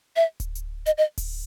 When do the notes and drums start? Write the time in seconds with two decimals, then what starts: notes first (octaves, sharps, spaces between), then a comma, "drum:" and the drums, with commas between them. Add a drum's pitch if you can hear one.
0.16 E5
0.40 drum: kick D1, hi-hat
0.55 drum: hi-hat
0.86 D#5, drum: hi-hat
0.98 D#5
1.18 drum: kick D1, open hi-hat